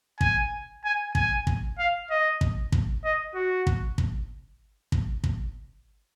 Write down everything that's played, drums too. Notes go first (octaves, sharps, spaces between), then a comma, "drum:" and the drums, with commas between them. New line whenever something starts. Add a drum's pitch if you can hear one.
G#5, drum: kick
G#5
G#5, drum: kick
drum: kick
F5
D#5
drum: kick
drum: kick
D#5
F#4
drum: kick
drum: kick
drum: kick
drum: kick